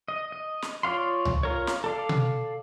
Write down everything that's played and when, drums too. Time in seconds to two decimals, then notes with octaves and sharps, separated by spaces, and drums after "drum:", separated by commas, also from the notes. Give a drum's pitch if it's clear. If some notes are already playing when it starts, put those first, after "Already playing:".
0.08 D#5
0.32 D#5
0.62 drum: snare
0.83 F4 C#5 D5 F5 C6
1.25 drum: tom C2
1.43 F4 A#4 C#5
1.67 drum: snare
1.84 A4 D5 F5
2.09 drum: tom B2